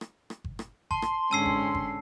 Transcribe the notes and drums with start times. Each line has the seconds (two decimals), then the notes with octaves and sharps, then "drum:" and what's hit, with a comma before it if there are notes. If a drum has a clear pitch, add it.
0.01 drum: rim click
0.30 drum: rim click
0.44 drum: kick G1
0.59 drum: rim click
0.91 A5 C6, drum: kick G1
1.02 drum: rim click
1.31 G#2 D3 C#4 A5 E6 C7
1.46 drum: kick G1
1.75 drum: kick G1